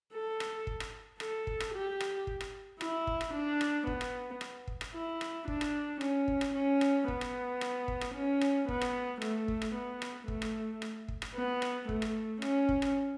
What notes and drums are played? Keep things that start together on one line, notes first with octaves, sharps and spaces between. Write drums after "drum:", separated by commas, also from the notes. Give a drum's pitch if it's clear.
A4
drum: rim click
drum: kick
drum: rim click
A4, drum: rim click
drum: kick
drum: rim click
G4
drum: rim click
drum: kick
drum: rim click
E4, drum: rim click
drum: kick
drum: rim click
D4
drum: rim click
B3, drum: kick
drum: rim click
drum: rim click
drum: kick
drum: rim click
E4
drum: rim click
D4, drum: kick
drum: rim click
C#4, drum: rim click
drum: kick
drum: rim click
C#4
drum: rim click
B3, drum: kick
drum: rim click
drum: rim click
drum: kick
drum: rim click
C#4
drum: rim click
B3, drum: kick
drum: rim click
A3, drum: rim click
drum: kick
drum: rim click
B3
drum: rim click
A3, drum: kick
drum: rim click
drum: rim click
drum: kick
drum: rim click
B3
drum: rim click
A3, drum: kick
drum: rim click
C#4, drum: rim click
drum: kick
drum: rim click